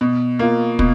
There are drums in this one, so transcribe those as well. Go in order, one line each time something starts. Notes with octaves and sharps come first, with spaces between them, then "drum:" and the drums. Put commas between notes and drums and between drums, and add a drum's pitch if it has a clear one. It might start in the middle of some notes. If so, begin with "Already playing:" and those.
B2
A#3 F4
B2, drum: kick